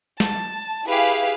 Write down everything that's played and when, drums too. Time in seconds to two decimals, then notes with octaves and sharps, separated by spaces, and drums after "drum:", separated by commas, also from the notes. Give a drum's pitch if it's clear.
0.20 A5, drum: snare
0.86 E4 G4 G#4 B4 F5